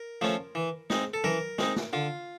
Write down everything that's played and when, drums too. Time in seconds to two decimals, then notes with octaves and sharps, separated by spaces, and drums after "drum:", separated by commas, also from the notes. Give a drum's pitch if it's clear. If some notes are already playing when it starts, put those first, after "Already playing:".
Already playing: A#4
0.21 F3 A3 C#4 F4
0.55 E3
0.90 G#3 C4 D#4, drum: snare
1.14 A4
1.24 E3 A#4, drum: tom F#3
1.58 G#3 C4 D#4, drum: snare
1.76 drum: snare
1.93 D3 F4